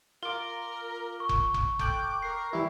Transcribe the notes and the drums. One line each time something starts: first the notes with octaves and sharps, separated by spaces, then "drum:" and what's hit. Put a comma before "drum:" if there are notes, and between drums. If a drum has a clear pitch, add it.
F4 A#4 D6 G7
C#6
drum: kick F1
drum: kick F1
A4 G5 D6 F#6, drum: kick F1
A#4 C7
E3 G3 E4 G4